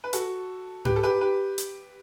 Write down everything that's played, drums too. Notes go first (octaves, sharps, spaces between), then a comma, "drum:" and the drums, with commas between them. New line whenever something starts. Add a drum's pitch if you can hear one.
B4
F#4 A4, drum: hi-hat
G4 B4, drum: tom G#2
A4
G4 B4
G4 B4
drum: hi-hat